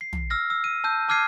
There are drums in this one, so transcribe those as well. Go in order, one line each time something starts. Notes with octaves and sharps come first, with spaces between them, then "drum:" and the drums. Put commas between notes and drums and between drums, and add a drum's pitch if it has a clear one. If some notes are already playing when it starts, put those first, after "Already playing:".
C7
drum: tom
E6 F6 A#6
E6
D#7
A5 E6 G6
A5 D6 F6 G#6 C7 D#7